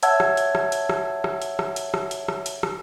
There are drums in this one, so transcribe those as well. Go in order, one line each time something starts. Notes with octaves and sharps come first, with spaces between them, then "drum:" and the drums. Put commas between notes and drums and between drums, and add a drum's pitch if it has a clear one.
C#5 E5 F#5 A5 E6 G#6, drum: hi-hat
drum: rim click
drum: hi-hat
drum: rim click
drum: hi-hat
drum: rim click
drum: rim click
drum: hi-hat
drum: rim click
drum: hi-hat
drum: rim click
drum: hi-hat
drum: rim click
drum: hi-hat
drum: rim click